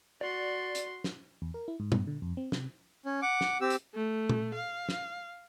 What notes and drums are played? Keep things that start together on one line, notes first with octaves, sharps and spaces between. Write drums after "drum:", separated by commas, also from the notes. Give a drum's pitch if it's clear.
F#4 D5 C6
drum: hi-hat
drum: snare
E2
A#4
E4
G#2
G2, drum: tom
D3
F2
C4
C3, drum: snare
C#4
F#5 D6
drum: snare
C4 G4 E6
drum: hi-hat
A3
drum: tom A#2
F5
drum: snare